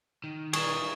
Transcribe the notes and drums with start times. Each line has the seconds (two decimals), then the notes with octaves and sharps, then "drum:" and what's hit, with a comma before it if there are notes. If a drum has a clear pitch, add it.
0.24 D#3
0.53 G3 G#4 A#4 C#6 E7, drum: cymbal